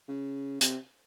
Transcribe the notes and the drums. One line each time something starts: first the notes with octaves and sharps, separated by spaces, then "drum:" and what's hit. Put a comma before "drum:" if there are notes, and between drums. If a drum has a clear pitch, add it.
C#3
C3, drum: hi-hat